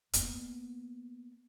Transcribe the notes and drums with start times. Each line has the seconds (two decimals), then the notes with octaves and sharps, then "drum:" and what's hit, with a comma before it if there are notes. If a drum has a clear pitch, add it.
0.13 A#3 B3, drum: hi-hat